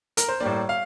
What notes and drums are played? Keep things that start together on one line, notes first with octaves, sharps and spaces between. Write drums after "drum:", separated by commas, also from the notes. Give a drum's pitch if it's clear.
A#4, drum: hi-hat
C5
A2 G3 A#3 D5
F5